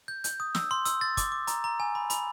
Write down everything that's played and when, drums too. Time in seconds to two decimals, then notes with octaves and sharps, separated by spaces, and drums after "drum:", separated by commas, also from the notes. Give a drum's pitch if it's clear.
0.08 G6
0.24 G6, drum: hi-hat
0.40 D#6
0.55 E6, drum: snare
0.71 C6
0.85 E6, drum: hi-hat
1.01 A6
1.17 D6, drum: kick, hi-hat
1.32 D6
1.47 A#5, drum: hi-hat
1.64 A#5
1.80 G#5
1.95 B5
2.10 B5, drum: hi-hat